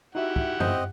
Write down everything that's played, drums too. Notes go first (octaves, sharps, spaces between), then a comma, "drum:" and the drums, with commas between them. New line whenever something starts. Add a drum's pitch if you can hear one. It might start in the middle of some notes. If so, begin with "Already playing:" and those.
D#4 E4 F#4 G4 E5 F#5
drum: kick
C4 D#5 G6, drum: tom F#2